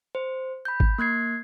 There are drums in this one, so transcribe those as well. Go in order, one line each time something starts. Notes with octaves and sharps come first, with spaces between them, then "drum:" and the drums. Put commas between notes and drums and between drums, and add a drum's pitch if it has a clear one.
C5
B5 G6
drum: kick G#1
A#3 F#6 G#6 C7